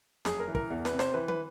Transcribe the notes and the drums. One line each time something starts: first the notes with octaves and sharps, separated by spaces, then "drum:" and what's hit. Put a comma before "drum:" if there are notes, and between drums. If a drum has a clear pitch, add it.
F#1 G#4, drum: snare
A#4
E3
A#4, drum: kick
E2
B4, drum: snare
C3
C5, drum: snare
E3 B4
B4, drum: tom